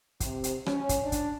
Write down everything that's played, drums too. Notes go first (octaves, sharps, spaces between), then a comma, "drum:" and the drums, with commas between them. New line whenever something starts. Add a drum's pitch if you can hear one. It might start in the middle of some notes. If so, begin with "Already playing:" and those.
C3, drum: kick, hi-hat
drum: hi-hat
C#4, drum: rim click
drum: kick, hi-hat
D4
drum: kick, hi-hat